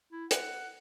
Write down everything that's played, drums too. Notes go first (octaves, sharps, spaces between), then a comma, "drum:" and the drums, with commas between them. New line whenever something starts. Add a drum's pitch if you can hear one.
E4
F#5, drum: hi-hat